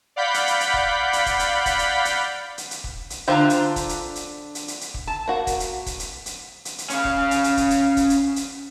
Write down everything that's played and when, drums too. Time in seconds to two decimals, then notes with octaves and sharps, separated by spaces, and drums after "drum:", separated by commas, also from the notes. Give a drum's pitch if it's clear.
0.16 D5 F5 F#5 B5 G6 B6
0.34 drum: hi-hat
0.47 drum: hi-hat
0.60 drum: hi-hat
0.74 drum: kick
1.13 drum: hi-hat
1.26 drum: kick, hi-hat
1.39 drum: hi-hat
1.66 drum: kick, hi-hat
1.79 drum: hi-hat
2.05 drum: hi-hat
2.58 drum: hi-hat
2.71 drum: hi-hat
2.84 drum: kick
3.10 drum: hi-hat
3.28 D3 D4 F4 C5 G5 A#5
3.50 drum: hi-hat
3.76 drum: kick, hi-hat
3.89 drum: hi-hat
4.15 drum: hi-hat
4.55 drum: hi-hat
4.68 drum: hi-hat
4.81 drum: hi-hat
4.94 drum: kick
5.07 A5
5.28 A#3 F#4
5.47 drum: kick, hi-hat
5.60 drum: hi-hat
5.86 drum: kick, hi-hat
5.99 drum: hi-hat
6.26 drum: hi-hat
6.65 drum: hi-hat
6.78 drum: hi-hat
6.90 C#4 F5, drum: hi-hat
7.05 drum: kick
7.31 drum: hi-hat
7.44 drum: hi-hat
7.57 drum: kick, hi-hat
7.70 drum: hi-hat
7.97 drum: kick, hi-hat
8.10 drum: hi-hat
8.36 drum: hi-hat